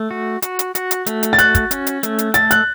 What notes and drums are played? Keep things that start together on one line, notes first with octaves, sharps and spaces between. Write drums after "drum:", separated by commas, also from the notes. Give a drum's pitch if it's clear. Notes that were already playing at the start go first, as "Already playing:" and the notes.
Already playing: A3
F#4
F#4, drum: hi-hat
drum: hi-hat
F#4, drum: hi-hat
drum: hi-hat
A3, drum: hi-hat
drum: hi-hat
A6
F#4 F#6, drum: hi-hat
drum: kick, hi-hat
C#4, drum: hi-hat
drum: hi-hat
A3, drum: hi-hat
drum: hi-hat
A4 A6, drum: hi-hat
F#6, drum: hi-hat